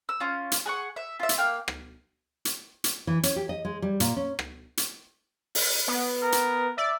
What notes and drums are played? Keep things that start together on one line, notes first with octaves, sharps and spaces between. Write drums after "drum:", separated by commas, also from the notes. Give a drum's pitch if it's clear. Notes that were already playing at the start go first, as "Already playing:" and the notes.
E6
C#4 F4
drum: hi-hat
G#4 F#5 C#6
E5
F4 E5
drum: hi-hat
A#3 F5 G5
drum: rim click
drum: hi-hat
drum: hi-hat
E3
C#4, drum: hi-hat
G4
D#5
G#3
G3
A#2, drum: hi-hat
C#4
drum: rim click
drum: hi-hat
drum: open hi-hat
B3
A#4
drum: hi-hat
D5 E5